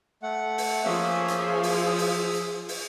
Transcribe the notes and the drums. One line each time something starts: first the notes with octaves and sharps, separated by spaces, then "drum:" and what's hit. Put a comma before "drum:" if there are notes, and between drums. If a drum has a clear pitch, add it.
A3 F#5
drum: open hi-hat
F3 A#3 C#4 G#4 E5
drum: hi-hat
drum: open hi-hat
E5 D#6
drum: open hi-hat
drum: hi-hat
drum: open hi-hat